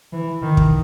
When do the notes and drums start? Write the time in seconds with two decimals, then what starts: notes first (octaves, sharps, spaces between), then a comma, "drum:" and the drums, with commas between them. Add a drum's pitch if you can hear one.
0.13 E3
0.42 D#3
0.57 drum: kick